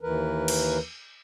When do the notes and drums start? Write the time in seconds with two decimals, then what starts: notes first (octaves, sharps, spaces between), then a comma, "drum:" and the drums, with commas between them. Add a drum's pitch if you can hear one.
0.01 D#2 E3 A#4 B4
0.48 drum: cymbal